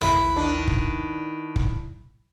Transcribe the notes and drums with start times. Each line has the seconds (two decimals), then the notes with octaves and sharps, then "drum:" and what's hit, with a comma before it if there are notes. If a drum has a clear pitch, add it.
0.01 E4 B4, drum: tom
0.36 D#3 D4
0.68 drum: kick
1.56 drum: kick